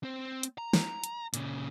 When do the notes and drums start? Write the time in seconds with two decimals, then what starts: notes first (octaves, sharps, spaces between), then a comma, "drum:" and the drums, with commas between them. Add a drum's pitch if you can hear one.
0.03 C4 C5
0.43 drum: hi-hat
0.58 A#5
0.73 drum: snare
1.04 drum: hi-hat
1.34 A#2 C#3, drum: hi-hat